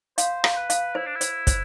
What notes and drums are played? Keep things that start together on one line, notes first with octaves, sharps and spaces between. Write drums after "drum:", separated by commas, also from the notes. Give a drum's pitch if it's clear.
C5 F5, drum: hi-hat
F5, drum: rim click
C5
B4
F5, drum: hi-hat
E4 C5
D4
E4
C5, drum: hi-hat
C5, drum: kick, hi-hat